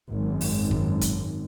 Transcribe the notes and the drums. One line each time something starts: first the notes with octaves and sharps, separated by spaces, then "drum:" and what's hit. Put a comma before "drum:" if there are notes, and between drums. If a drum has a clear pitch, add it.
G#1 F#2
drum: open hi-hat
drum: kick
drum: kick, hi-hat